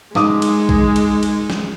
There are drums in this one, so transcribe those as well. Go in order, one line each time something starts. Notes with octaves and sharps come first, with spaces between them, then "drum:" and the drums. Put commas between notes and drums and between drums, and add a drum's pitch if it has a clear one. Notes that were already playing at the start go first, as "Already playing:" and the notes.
G#3 D#4 D6 D#6, drum: snare
drum: cymbal
drum: kick A#1
drum: cymbal
drum: cymbal
drum: snare